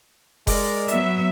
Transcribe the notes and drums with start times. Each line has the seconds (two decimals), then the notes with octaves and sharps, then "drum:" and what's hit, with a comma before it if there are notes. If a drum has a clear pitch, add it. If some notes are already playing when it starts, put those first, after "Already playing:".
0.47 G#3 A#4 D5, drum: kick F1, open hi-hat
0.88 F#3 B3 E5, drum: hi-hat